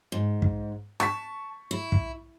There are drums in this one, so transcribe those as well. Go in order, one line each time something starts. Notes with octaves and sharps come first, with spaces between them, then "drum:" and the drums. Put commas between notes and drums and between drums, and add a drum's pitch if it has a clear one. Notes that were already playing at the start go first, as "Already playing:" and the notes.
G#2
drum: kick
A5 C#6 B6, drum: rim click
E4
drum: kick